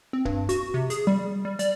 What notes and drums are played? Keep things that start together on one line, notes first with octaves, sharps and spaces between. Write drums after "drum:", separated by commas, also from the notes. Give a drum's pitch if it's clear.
C4
G2, drum: kick
F#4, drum: hi-hat
C3
G#4, drum: hi-hat
G3
G3
D5, drum: hi-hat